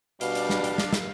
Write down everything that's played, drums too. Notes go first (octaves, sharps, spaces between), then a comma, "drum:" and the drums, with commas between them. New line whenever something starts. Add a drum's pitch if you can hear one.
B2 G3 D4 F5, drum: hi-hat
drum: hi-hat
drum: snare
drum: hi-hat
drum: snare
drum: snare